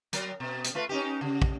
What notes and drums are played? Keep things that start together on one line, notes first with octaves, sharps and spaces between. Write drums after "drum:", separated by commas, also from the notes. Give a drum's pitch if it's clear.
F#3 A#4, drum: hi-hat
B2
drum: hi-hat
A3 F4 B4
C#4 D#4 G4
C#3
drum: kick